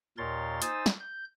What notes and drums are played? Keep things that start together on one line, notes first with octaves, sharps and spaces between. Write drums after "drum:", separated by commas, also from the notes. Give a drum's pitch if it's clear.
D#2 A#2 A#4 C#5 C6 A6
D#4 C5 G#5 D#6 E6 A6, drum: hi-hat
drum: snare
G6